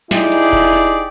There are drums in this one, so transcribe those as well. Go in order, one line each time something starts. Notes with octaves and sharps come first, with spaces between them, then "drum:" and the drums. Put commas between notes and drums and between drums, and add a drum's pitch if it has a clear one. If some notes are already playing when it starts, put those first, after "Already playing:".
D#4 E4 G4 G#4 D5, drum: snare
drum: hi-hat
drum: kick F1
drum: hi-hat